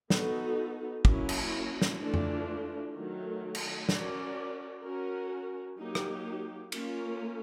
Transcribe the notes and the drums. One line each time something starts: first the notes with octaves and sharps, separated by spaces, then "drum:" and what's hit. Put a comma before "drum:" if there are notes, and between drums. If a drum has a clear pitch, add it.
B3 D#4 F#4 A4, drum: snare
F#3 A#3 C#4 E4, drum: kick
drum: cymbal
drum: snare
E3 A3 D4 F4
drum: tom F2
D#3 F#3 A3
drum: cymbal
C#4 F#4 A#4 D5, drum: snare
C#4 F#4 A#4
F#3 A#3 D#4 G4
drum: rim click
A#3 C#4 F4 A#4, drum: cymbal